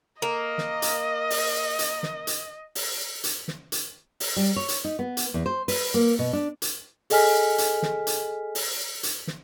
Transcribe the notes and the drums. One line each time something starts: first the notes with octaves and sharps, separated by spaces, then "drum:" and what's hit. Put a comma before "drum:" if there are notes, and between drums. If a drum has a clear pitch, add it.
A#3 D#5
drum: snare
drum: hi-hat
drum: open hi-hat
drum: hi-hat
drum: snare
drum: hi-hat
drum: open hi-hat
drum: hi-hat
drum: snare
drum: hi-hat
drum: open hi-hat
G3
C#5
drum: hi-hat
D#4
B3
drum: hi-hat
E2
C5
B4, drum: open hi-hat
A#3
B2
D4
drum: hi-hat
G#4 A4 D#5 G#5 F6 B6, drum: open hi-hat
drum: hi-hat
drum: snare
drum: hi-hat
drum: open hi-hat
drum: hi-hat
drum: snare